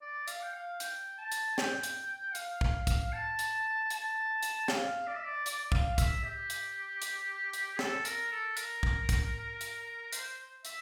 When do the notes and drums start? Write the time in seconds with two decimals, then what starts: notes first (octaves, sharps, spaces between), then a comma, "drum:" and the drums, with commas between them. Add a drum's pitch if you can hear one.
0.02 D5
0.28 F5, drum: hi-hat
0.43 G5
0.54 F5
0.80 G5, drum: hi-hat
1.18 A5
1.32 drum: hi-hat
1.58 G5, drum: snare
1.83 drum: hi-hat
2.35 F5, drum: hi-hat
2.61 drum: kick
2.87 drum: kick, hi-hat
3.13 A5
3.39 drum: hi-hat
3.90 A5, drum: hi-hat
4.43 drum: hi-hat
4.68 F5, drum: snare
5.07 D5
5.16 E5
5.24 D5
5.46 D5, drum: hi-hat
5.72 F5, drum: kick
5.98 E5, drum: kick, hi-hat
6.24 G4
6.50 drum: hi-hat
7.02 drum: hi-hat
7.53 drum: hi-hat
7.79 A4, drum: snare
8.05 A#4, drum: hi-hat
8.31 A4
8.57 A#4, drum: hi-hat
8.83 drum: kick
9.09 drum: kick, hi-hat
9.61 drum: hi-hat
10.13 C5, drum: hi-hat
10.65 E5, drum: hi-hat